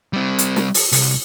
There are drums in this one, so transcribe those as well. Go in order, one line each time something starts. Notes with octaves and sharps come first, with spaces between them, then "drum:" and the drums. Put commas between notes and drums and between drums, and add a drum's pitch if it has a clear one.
G3 C4
drum: hi-hat
drum: snare
drum: open hi-hat
C2, drum: open hi-hat